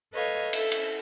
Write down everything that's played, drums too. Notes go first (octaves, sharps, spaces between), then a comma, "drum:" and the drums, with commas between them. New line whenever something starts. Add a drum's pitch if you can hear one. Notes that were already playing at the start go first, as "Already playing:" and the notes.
A4 B4 C#5 D#5 F5
A4 E5, drum: cymbal
drum: cymbal